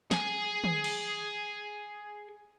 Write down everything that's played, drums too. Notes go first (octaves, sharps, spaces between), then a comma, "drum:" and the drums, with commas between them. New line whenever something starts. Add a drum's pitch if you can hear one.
G#4 G#5, drum: snare
drum: tom
drum: cymbal